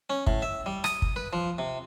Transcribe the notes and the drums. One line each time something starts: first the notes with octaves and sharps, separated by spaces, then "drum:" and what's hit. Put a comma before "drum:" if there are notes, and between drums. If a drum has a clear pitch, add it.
C#4
A2, drum: kick
E5
G3
D#6, drum: rim click
drum: kick
B4
F3
C3